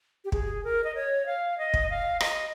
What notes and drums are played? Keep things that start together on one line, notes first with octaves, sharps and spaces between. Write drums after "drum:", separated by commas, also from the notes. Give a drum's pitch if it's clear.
G4
G#4, drum: kick
A#4
D#5
C#5
F5
D#5
drum: kick
F5
D#5, drum: rim click